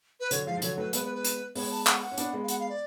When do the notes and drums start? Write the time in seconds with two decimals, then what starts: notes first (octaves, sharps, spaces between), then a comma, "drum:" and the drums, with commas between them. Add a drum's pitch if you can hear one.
0.20 B4
0.31 D3 F#3 C#5, drum: hi-hat
0.46 F3 G#3 F5
0.57 F3
0.62 D3 F#3 C#5, drum: hi-hat
0.78 F#3 A3 B4
0.93 G#3 B3 B4, drum: hi-hat
1.04 B4
1.15 B4
1.24 drum: hi-hat
1.55 G#3 B3 C#5, drum: open hi-hat
1.71 A5
1.87 F#5, drum: clap
2.02 F#5
2.12 C#4
2.18 B3 D4, drum: hi-hat
2.33 G#3 B3
2.43 F5
2.48 F#5, drum: hi-hat
2.59 F5
2.69 D5